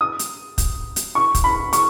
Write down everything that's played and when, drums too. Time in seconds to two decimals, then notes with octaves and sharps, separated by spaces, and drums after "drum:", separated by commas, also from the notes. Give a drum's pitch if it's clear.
0.01 D#6
0.19 drum: hi-hat
0.58 drum: kick, hi-hat
0.96 drum: hi-hat
1.15 C#6
1.35 drum: kick, hi-hat
1.44 B5
1.73 C#6, drum: hi-hat